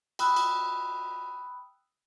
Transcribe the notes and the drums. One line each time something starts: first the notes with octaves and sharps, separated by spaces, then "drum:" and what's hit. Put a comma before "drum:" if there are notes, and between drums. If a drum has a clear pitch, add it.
G5 B5 D#6 E6 F#6, drum: cymbal
drum: cymbal